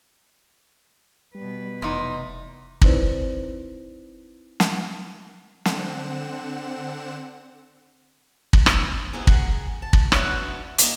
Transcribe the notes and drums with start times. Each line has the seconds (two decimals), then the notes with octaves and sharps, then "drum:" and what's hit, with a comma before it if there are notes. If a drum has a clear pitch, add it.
1.35 B2 G3 B4
1.82 F1 E2 D#4 C6
2.81 C4 D#4 E4 B4 C5 D5, drum: kick
4.60 drum: snare
5.65 D3 C4 F#5 E7, drum: snare
8.53 drum: kick
8.66 drum: rim click
9.13 C3 B3 C4 D#4 E4 G#4
9.27 G#4 A#4 F#5 G5, drum: kick
9.82 A5
9.93 drum: kick
10.12 C#4 D4 F#4 B4 E5 F#5, drum: rim click
10.78 F3 G3 A#3 D4 D#4 D#5, drum: hi-hat